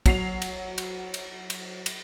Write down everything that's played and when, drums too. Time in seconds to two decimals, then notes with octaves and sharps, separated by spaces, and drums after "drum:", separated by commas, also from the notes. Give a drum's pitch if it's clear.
0.06 F#3 C7 F7, drum: kick, cymbal
0.42 drum: cymbal
0.78 drum: cymbal
1.14 drum: cymbal
1.50 drum: cymbal
1.86 drum: cymbal